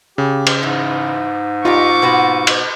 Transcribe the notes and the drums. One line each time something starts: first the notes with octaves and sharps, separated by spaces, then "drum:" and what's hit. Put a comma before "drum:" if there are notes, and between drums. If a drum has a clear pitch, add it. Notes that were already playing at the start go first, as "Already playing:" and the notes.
C#3 G4
drum: cymbal
G#2 E3
D#4 F4 G4 C#6 D6
B2 B3 F#4
drum: cymbal